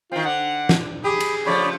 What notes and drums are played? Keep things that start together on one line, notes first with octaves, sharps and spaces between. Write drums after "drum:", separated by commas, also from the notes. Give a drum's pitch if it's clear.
D#3 C4 F4
D3 F#5
drum: snare
G4 G#4 B5 D#6
drum: cymbal
C#3 F3 A3 C#5 D5 B5